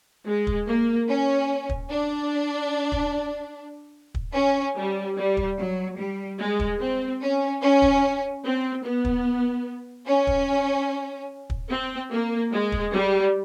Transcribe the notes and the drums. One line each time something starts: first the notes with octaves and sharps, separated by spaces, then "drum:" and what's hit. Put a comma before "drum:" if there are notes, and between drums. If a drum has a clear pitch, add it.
G#3
drum: kick
A#3
C#4
drum: kick
D4
drum: kick
drum: kick
C#4
G3
G3
drum: kick
F#3
G3
G#3
drum: kick
C4
C#4
C#4
drum: kick
C4
B3
drum: kick
C#4
drum: kick
drum: kick
C4
A#3
G#3
drum: kick
G3